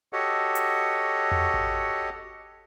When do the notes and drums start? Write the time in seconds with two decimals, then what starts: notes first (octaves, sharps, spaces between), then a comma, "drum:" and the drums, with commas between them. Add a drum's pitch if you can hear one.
0.13 F#4 G4 A4 C#5 D#5 F#5
0.55 drum: hi-hat
1.32 drum: tom E2
1.54 drum: kick G#1